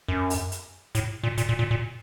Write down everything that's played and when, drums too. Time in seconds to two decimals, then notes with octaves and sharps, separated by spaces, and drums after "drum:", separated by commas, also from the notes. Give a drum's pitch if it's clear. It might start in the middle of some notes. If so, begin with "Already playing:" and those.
0.08 F#2
0.30 drum: open hi-hat
0.52 drum: hi-hat
0.95 A2, drum: hi-hat
1.23 A#2
1.38 A#2, drum: hi-hat
1.49 A#2
1.59 A#2
1.71 A#2